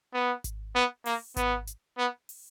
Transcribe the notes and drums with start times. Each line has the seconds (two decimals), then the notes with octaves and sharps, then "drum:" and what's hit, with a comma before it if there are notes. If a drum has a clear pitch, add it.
0.14 B3
0.44 drum: kick G#1, hi-hat
0.75 B3
1.06 A#3, drum: open hi-hat
1.36 B3, drum: kick G#1, hi-hat
1.67 drum: hi-hat
1.98 B3
2.29 drum: open hi-hat